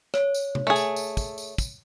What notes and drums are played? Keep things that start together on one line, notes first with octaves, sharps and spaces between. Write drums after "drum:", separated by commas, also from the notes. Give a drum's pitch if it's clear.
C#5, drum: rim click
drum: tambourine
drum: tom C3
A3 G#4
drum: tambourine
drum: tambourine
drum: kick, tambourine
drum: tambourine
drum: kick, tambourine